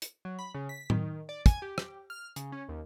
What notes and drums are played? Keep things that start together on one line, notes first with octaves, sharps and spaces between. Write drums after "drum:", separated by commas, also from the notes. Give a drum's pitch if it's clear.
drum: hi-hat
F#3
B5
C#3
B6
D#3, drum: tom A2
D5
G#5, drum: kick, hi-hat
G4
drum: rim click
F6
C#3, drum: hi-hat
C#4
D#2